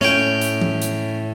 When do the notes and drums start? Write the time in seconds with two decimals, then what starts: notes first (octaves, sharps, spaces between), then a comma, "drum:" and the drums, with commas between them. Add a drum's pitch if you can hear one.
0.01 A2 C#4 G5, drum: snare
0.41 drum: hi-hat
0.61 drum: tom E3
0.82 drum: hi-hat